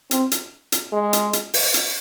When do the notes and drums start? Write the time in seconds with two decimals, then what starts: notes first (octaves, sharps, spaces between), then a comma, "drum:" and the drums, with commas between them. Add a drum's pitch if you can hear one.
0.11 C4, drum: hi-hat
0.32 drum: hi-hat
0.72 drum: hi-hat
0.93 G#3
1.13 drum: hi-hat
1.33 drum: hi-hat
1.54 drum: open hi-hat
1.74 drum: hi-hat